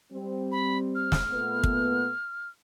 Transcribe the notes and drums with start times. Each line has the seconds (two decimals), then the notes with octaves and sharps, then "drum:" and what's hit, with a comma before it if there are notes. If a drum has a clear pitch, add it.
0.13 G3 C4
0.52 B5
0.95 F6
1.12 drum: snare
1.31 A#2 A3 B3
1.64 drum: kick